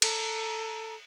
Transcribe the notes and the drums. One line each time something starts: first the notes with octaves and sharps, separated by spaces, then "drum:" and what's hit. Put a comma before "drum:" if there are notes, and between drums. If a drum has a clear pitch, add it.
A4 A#5, drum: cymbal